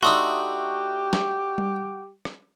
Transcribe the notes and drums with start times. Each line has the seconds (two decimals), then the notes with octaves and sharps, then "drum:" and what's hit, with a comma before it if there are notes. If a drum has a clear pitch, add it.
0.03 A3 D4 D#4 F#4 G4 C6 D#6 E6
1.13 drum: snare
1.58 drum: tom G3
2.25 drum: rim click